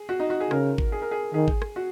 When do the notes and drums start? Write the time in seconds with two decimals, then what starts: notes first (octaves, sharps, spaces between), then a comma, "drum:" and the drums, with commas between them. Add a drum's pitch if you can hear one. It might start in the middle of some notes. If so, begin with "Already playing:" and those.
Already playing: G#4
0.09 F#4
0.19 D#4
0.30 F#4
0.40 G#4
0.51 C#3 A#4, drum: rim click
0.78 drum: kick G#1
0.92 G#4
1.02 A#4
1.11 G#4
1.34 D#3 G#4
1.48 drum: kick G#1
1.62 drum: rim click
1.76 F#4